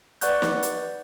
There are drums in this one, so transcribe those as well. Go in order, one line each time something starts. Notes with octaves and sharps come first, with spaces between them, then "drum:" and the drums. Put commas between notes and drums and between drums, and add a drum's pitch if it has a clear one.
B4 D5 F#5 C#6 F#6 G6, drum: hi-hat
drum: snare
drum: hi-hat